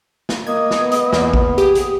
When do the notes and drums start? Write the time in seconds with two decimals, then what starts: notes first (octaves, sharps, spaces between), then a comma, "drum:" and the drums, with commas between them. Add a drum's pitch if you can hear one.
0.29 drum: snare
0.47 A#3 D#5 G#6
0.71 drum: snare
0.81 B3
0.92 drum: hi-hat
1.13 E2 A#3, drum: snare
1.33 drum: kick A#1
1.58 G4 G#4 D#6
1.75 drum: hi-hat